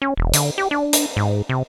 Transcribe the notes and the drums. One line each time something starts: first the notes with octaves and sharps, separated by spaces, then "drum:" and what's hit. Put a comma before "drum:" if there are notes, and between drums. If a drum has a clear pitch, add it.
C#4
E1
D3, drum: hi-hat
G4
D4
drum: hi-hat
G#2
C3